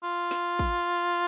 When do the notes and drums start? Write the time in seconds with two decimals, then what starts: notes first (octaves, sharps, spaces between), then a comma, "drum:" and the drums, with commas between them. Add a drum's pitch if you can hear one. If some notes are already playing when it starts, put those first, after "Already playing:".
0.03 F4
0.31 drum: snare
0.59 drum: kick